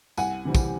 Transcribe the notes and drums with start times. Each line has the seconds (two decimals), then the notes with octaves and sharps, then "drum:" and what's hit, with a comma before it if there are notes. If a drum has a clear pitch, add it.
0.17 C2 F#5 G#5, drum: tambourine
0.45 C3 E3 G3 C4
0.55 drum: kick, tambourine